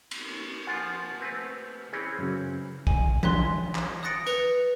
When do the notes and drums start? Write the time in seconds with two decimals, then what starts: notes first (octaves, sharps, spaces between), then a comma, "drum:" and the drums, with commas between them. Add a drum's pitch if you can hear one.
0.11 drum: cymbal
0.67 F3 F4 F#5 G#5 C6
1.20 A3 C4 B4
1.93 E3 C4 C#4 G#4
2.19 F#2 C#3 F#3
2.87 G#5, drum: kick A1
3.23 C6 F#6 B6, drum: tom E3
3.75 drum: clap
4.03 D#6 F#6 A6 A#6 C#7 D7
4.27 B4 C#7 F7, drum: tambourine